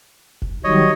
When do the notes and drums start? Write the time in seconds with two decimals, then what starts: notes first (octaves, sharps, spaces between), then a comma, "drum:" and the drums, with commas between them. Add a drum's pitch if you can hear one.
0.42 drum: kick F1
0.64 D#3 F#3 G3 C#5 D#5